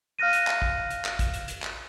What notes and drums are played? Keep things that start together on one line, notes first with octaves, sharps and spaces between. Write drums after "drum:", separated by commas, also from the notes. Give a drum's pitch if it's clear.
F5 F6 F#6 A#6 D#7
drum: hi-hat
drum: clap
drum: kick
drum: hi-hat
drum: clap
drum: kick, hi-hat
drum: hi-hat
drum: hi-hat
drum: clap